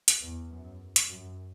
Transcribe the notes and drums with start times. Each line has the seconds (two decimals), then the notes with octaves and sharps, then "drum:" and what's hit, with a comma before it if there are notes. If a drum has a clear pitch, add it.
0.08 drum: hi-hat
0.22 E2
0.50 F#2
0.96 drum: hi-hat
1.08 F#2